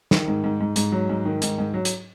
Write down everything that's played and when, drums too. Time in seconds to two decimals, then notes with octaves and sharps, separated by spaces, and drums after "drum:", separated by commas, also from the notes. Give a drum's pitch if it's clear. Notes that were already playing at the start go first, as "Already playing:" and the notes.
0.11 D#3, drum: snare
0.28 G#2
0.44 G#2
0.60 G#2
0.76 G#2, drum: hi-hat
0.92 F#3
1.09 G#2
1.25 D#3
1.42 G#2, drum: hi-hat
1.58 G#2
1.74 F#3
1.85 drum: hi-hat